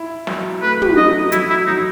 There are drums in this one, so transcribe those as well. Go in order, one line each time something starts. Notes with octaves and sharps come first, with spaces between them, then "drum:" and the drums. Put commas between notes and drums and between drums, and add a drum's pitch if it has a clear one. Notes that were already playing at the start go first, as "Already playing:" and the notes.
Already playing: E4
F#3, drum: snare
A3 B4
drum: tom
F#3 D#5
F#3 E4, drum: hi-hat
E4
F#3 D#4